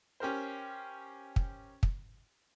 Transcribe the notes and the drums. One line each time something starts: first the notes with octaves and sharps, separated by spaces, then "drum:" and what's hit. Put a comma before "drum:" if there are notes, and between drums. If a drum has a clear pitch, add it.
C#4 G4 A#4 C5
drum: kick
drum: kick